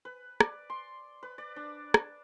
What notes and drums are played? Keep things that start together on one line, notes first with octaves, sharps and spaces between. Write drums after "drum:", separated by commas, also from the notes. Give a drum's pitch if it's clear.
B4
D5, drum: rim click
C6
B4
D5
D4
drum: rim click